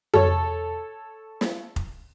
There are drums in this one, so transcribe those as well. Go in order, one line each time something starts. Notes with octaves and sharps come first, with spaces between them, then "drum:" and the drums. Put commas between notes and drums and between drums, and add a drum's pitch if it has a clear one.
A4 C#5, drum: tom F2
drum: snare
drum: kick F1